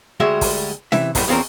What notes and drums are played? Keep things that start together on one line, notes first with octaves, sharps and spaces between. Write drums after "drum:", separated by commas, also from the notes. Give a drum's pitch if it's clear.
D2 G3 G#3 F#4 E5
drum: kick, open hi-hat
C3 E3 E5, drum: snare C#4
F#2 A2 D3 G3, drum: kick, open hi-hat
E2 F3 C4 C#4 A#4